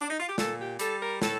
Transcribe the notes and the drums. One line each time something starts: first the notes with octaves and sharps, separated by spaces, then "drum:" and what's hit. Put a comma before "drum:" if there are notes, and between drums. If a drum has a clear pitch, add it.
D4
D#4
F4
G4
A#2 A4, drum: snare
G4
G3 A4, drum: hi-hat
A#4
A2 A4, drum: snare